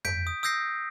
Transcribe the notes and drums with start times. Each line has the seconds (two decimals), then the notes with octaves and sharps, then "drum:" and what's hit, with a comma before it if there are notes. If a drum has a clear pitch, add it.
0.05 G6 B6 D7, drum: tom F2
0.27 D#6
0.43 D#6 E6 G6 A#6 C7